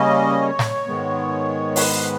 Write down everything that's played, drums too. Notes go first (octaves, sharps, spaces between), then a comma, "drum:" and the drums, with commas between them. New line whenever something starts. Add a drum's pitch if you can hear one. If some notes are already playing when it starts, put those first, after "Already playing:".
Already playing: C#3 G3 A#3 C#4 D#5
C#5
drum: snare
G#2 D#3 G#3 B3
B4, drum: open hi-hat